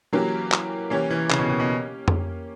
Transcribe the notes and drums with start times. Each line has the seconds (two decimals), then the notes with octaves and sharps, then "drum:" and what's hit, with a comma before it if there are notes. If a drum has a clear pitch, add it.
0.13 E3 F#3 A#3 C#4 G4
0.52 drum: clap
0.90 E3 A#3 C#4 G4 C#5
1.10 E3
1.30 C#3, drum: clap
1.39 B2
1.49 B2
1.60 B2
2.08 drum: tom F2